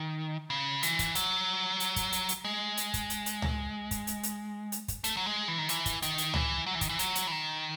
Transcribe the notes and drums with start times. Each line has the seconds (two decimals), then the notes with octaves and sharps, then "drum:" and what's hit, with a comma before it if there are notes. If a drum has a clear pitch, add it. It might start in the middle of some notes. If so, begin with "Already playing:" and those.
Already playing: D#3
0.50 C#3
0.83 E3, drum: hi-hat
0.99 drum: kick, hi-hat
1.15 F#3, drum: hi-hat
1.80 drum: hi-hat
1.96 drum: kick, hi-hat
2.12 drum: hi-hat
2.29 drum: hi-hat
2.44 G#3
2.77 drum: hi-hat
2.94 drum: kick, hi-hat
3.10 drum: hi-hat
3.26 drum: hi-hat
3.42 drum: tom C#2
3.91 drum: kick, hi-hat
4.07 drum: hi-hat
4.23 drum: hi-hat
4.72 drum: hi-hat
4.88 drum: kick, hi-hat
5.04 A3, drum: hi-hat
5.17 F#3
5.26 G#3
5.48 E3
5.58 D#3
5.69 E3, drum: hi-hat
5.86 drum: kick, hi-hat
6.02 D#3, drum: hi-hat
6.18 drum: hi-hat
6.34 E3, drum: tom C#2
6.66 F#3
6.75 E3
6.81 D#3, drum: kick, hi-hat
6.89 E3
6.99 F#3, drum: hi-hat
7.15 drum: hi-hat
7.27 E3
7.32 D#3